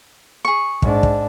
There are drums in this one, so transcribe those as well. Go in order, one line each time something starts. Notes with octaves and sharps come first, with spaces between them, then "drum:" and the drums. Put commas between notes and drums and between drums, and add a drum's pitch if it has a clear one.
G#4 C#6
G#2 D4, drum: kick
drum: kick